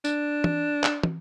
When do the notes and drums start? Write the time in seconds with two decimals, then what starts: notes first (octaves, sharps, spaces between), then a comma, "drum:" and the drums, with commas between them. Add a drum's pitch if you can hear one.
0.05 D4, drum: tambourine
0.44 drum: tom
0.84 drum: clap
1.03 drum: tom